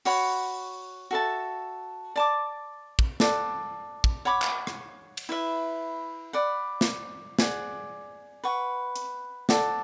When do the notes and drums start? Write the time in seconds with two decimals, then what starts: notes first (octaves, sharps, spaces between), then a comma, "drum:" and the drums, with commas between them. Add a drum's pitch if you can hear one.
0.05 F#4 C#5 F#5 B5, drum: open hi-hat
1.11 F#4 A4 E5 A5
2.16 D5 A5 D6
2.99 drum: kick
3.20 A4 D5 F#5, drum: snare
4.04 drum: kick
4.25 C#5 F#5 B5 D6
4.42 drum: clap
4.67 drum: rim click
5.17 drum: cymbal
5.29 E4 B4 E5
6.33 D5 F#5 B5
6.81 drum: snare
7.39 G#4 D5 F#5, drum: snare
8.44 B4 F#5 C#6
8.96 drum: hi-hat
9.49 A4 D5 F#5, drum: snare